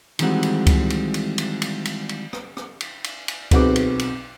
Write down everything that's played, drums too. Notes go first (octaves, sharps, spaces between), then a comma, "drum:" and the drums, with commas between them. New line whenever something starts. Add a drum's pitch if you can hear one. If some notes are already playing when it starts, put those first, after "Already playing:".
D#3 E3 G3 G#3 C4 F#4, drum: cymbal
drum: cymbal
drum: kick C#2, cymbal
drum: cymbal
drum: cymbal
drum: cymbal
drum: cymbal
drum: cymbal
drum: cymbal
drum: rim click
drum: rim click
drum: cymbal
drum: cymbal
drum: cymbal
B1 C4 F#4 G#4 B4 D6, drum: kick C#2, cymbal
drum: cymbal
drum: cymbal